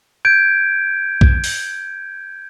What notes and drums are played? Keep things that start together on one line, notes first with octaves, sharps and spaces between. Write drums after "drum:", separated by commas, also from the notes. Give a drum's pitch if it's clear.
G6 G#6 D7
drum: kick B1
drum: open hi-hat